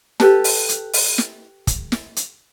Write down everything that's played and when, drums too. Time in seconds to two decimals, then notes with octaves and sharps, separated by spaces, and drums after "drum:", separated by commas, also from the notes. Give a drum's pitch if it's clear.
0.20 G4 A4 B4 A5, drum: snare
0.44 drum: open hi-hat
0.69 drum: hi-hat
0.93 drum: open hi-hat
1.18 drum: snare
1.67 drum: kick, hi-hat
1.92 drum: snare
2.16 drum: hi-hat